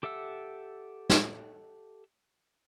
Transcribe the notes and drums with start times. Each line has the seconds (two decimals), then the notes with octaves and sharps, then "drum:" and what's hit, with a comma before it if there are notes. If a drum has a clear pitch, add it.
0.03 G4 A4 E5 F#5 E6
1.10 drum: snare